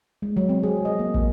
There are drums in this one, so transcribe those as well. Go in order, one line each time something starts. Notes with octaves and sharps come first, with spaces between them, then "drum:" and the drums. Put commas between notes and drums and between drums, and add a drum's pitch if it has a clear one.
G#3
F#3
C4
G#4
D#5
A#3
A#3, drum: kick